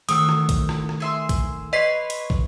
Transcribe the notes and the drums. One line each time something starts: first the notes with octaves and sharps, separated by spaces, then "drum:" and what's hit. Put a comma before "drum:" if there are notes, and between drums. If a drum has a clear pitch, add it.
D#3 A3 C4 F#4 D#6 E6, drum: hi-hat
drum: rim click
drum: kick, hi-hat
drum: rim click
drum: rim click
G#4 E5 C6
drum: kick, hi-hat
B4 C#5 D#5 C6 B6 C7
drum: hi-hat
drum: kick